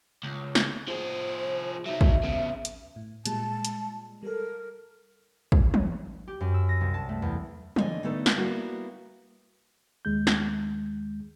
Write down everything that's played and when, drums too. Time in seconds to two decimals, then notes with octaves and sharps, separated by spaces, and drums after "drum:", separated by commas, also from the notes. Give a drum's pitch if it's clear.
0.24 C#2
0.55 drum: snare
0.88 F3 G#4 C5
1.86 F#3 D#4 E5
2.01 drum: kick
2.23 C#3 B3
2.65 drum: hi-hat
2.96 A2
3.26 A#2 G3 G#3 A5, drum: hi-hat
3.65 drum: hi-hat
4.23 G3 A4 A#4
5.52 drum: kick
5.74 drum: tom
6.27 G4
6.40 F#2
6.54 E6
6.69 A#6
6.81 C2
6.94 A5
7.09 A3
7.22 E2
7.76 D3 E4 D#5 G#5, drum: tom
8.03 D3 A3 B3 D#4 A4 B4
8.26 drum: snare
8.36 G3 A#3 B3 E4 F#4
10.05 D#2 G#3 G6
10.27 drum: snare